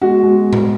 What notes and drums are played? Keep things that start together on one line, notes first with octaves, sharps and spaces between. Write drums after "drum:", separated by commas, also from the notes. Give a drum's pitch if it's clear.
G#3 F#4
G#3
drum: tom A2